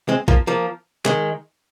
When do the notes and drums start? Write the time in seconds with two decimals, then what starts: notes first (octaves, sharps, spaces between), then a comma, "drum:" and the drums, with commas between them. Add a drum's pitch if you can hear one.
0.09 G#3 C4
0.28 F3 A#3, drum: kick A#1
0.47 F3 A#3
1.05 D#3 G#3, drum: clap